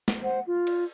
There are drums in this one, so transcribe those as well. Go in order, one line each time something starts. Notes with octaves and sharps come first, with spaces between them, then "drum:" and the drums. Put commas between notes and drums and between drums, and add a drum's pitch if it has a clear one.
drum: snare
C5 F#5
F4
drum: cymbal